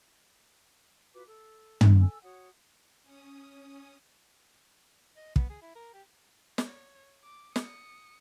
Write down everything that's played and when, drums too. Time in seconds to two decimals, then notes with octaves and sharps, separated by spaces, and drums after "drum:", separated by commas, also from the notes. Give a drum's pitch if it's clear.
1.14 F4 F#4 B4 D6
1.26 A4
1.81 drum: tom
2.00 A4 G#5 E6
2.22 F#4 C#5 F#5 D#6
3.03 C#4 D#6
5.16 D#5
5.36 B3, drum: kick
5.50 G#4
5.62 E4
5.75 A#4
5.94 G4
6.58 C#5, drum: snare
7.23 D6
7.56 D#6 C#7, drum: snare